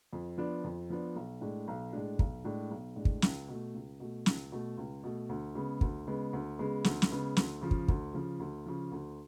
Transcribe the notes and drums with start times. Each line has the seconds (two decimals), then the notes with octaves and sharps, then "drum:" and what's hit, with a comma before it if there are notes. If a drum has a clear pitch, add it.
0.13 F2
0.38 F3 B3 D4
0.64 F2
0.90 F3 B3 D4
1.16 B1
1.41 A2 G#3 D4
1.68 B1
1.93 A2 G#3 D4
2.19 B1, drum: kick
2.44 A2 G#3 D4
2.71 B1
2.96 A2 G#3 D4
3.05 drum: kick
3.22 C#2, drum: snare
3.48 B2 A3
3.74 C#2
4.00 B2 A3
4.26 C#2, drum: snare
4.52 B2 A3
4.78 C#2
5.04 B2 A3
5.29 D2
5.55 C#3 G#3 B3
5.81 D2, drum: kick
6.07 C#3 G#3 B3
6.33 D2
6.59 C#3 G#3 B3
6.84 D2, drum: snare
7.02 drum: snare
7.11 C#3 G#3 B3
7.37 D2, drum: snare
7.62 C#3 F3
7.71 drum: kick
7.88 D2, drum: kick
8.14 C#3 F3
8.40 D2
8.66 C#3 F3
8.92 D2